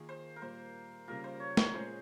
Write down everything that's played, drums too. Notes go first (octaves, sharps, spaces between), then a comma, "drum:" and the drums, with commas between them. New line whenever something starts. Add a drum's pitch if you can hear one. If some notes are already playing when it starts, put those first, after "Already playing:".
Already playing: D#3 A#3 F4 G#4
C5
A#4
A#2 G3 A#3 C5
C#3 G3 A#3 F4 A#4
C5
C#5
C#5, drum: snare
A#2 G#3 C#4 G#4 C5